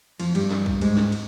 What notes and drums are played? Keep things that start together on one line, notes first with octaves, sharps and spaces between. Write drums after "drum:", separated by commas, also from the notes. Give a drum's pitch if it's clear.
F2 F3, drum: cymbal
G2 G3, drum: cymbal
drum: snare
drum: kick
G#2 G#3, drum: cymbal
drum: snare
drum: cymbal